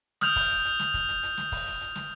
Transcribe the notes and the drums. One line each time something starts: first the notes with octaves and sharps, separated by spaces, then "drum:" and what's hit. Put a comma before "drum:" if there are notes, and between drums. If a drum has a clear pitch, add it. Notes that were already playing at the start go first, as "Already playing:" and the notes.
D#6 F6 G6 F7, drum: snare
drum: kick, open hi-hat
drum: hi-hat
drum: hi-hat
drum: snare
drum: kick, hi-hat
drum: hi-hat
drum: hi-hat
drum: snare
drum: kick, open hi-hat
drum: hi-hat
drum: hi-hat
drum: snare